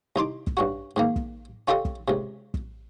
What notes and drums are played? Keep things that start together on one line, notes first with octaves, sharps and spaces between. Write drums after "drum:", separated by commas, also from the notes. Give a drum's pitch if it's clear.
C2 D#4 C6 D6
drum: kick
G2 C#4 F#4
G#2 D#3 A#3
drum: kick
C#4 F4 G4 A4 D#5
drum: kick
C#2 C3
drum: kick